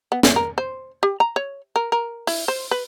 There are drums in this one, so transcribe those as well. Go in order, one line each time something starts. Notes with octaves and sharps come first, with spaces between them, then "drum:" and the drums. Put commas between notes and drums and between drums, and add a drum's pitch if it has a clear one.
B3
E3, drum: snare
A#4
C5
G4
A#5
C#5
A#4
A#4
E4, drum: open hi-hat
C5
B4